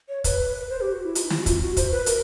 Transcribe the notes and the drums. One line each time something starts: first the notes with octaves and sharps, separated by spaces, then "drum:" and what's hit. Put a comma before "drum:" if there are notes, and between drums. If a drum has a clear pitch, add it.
C#5
B4, drum: kick, hi-hat
B4
C5
G4
F#4
E4
F4, drum: hi-hat
D#4
E4, drum: snare
F#4
F4, drum: kick, hi-hat
F#4
C5, drum: kick, hi-hat
B4
A#4, drum: hi-hat